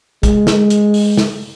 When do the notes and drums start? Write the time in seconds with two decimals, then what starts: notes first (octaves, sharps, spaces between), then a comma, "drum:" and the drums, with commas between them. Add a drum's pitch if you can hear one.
0.23 G#3, drum: kick, hi-hat
0.47 drum: snare
0.70 drum: hi-hat
0.94 drum: open hi-hat
1.17 drum: snare